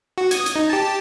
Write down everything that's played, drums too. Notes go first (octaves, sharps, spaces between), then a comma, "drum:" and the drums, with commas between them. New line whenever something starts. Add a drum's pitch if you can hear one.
F#4
D#6 G#6, drum: hi-hat
drum: hi-hat
D#4
G4 A5